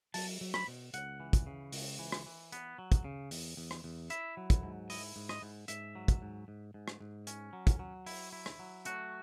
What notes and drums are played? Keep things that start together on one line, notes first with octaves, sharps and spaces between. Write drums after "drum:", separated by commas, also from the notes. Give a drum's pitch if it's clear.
F#3 A5, drum: open hi-hat
F#3
B5, drum: rim click
B2
C#2 F#5, drum: hi-hat
E3
drum: kick, hi-hat
C#3
C#2, drum: open hi-hat
E3
drum: rim click
E3
B3, drum: hi-hat
F#3
drum: kick, hi-hat
C#3
E2, drum: open hi-hat
E2
drum: rim click
E2
E4 E5, drum: hi-hat
F#3
drum: kick, hi-hat
G#2
E4 D#5, drum: open hi-hat
G#2
D#5, drum: rim click
G#2
G#2 E5, drum: hi-hat
F#3
drum: kick, hi-hat
G#2
G#2
G#2
drum: rim click
G#2
C#4, drum: hi-hat
F#3
drum: kick, hi-hat
F#3
E4, drum: open hi-hat
E4
drum: rim click
F#3
A3 F#4, drum: hi-hat